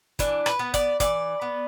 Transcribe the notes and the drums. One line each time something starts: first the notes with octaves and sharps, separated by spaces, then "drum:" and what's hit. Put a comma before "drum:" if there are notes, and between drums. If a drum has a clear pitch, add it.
E3 D4, drum: kick, hi-hat
B4, drum: rim click
B3
D5, drum: kick, hi-hat
E3 D5, drum: kick, hi-hat
B3